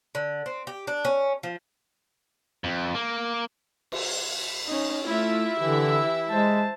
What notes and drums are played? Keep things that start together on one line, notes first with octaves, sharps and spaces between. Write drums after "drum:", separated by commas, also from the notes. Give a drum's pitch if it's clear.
D3
C4
G4
D4
C#4
F3
F2
A#3
drum: cymbal
C#4 D#4
A3 E4 F4 E5
D3 E3 G4
G#3 C5 A5